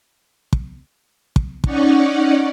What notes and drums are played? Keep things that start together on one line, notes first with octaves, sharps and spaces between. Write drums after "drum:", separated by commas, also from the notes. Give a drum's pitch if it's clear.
drum: kick
drum: kick
C#4 D#4 D5 F#5 C#6, drum: kick